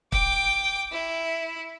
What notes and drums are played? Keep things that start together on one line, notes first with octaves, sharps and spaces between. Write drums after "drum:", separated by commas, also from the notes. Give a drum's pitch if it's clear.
G5 D6, drum: kick
E4